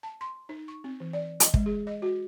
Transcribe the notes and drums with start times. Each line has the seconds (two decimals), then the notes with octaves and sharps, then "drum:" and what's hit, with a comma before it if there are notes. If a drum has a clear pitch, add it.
0.03 A5
0.21 C6
0.49 D#4
0.68 C#6
0.84 C4
1.00 E3
1.13 D5
1.40 D#5, drum: hi-hat
1.54 G#3, drum: kick
1.66 G#4
1.87 D#5
2.02 F#4